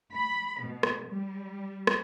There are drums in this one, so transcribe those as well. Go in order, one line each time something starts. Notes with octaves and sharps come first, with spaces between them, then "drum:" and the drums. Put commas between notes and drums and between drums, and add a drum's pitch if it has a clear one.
B5
B2
drum: rim click
G3
drum: rim click